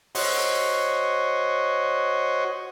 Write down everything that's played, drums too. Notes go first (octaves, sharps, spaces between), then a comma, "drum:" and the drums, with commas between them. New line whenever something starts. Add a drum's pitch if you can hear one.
F#4 C5 C#5 D#5, drum: open hi-hat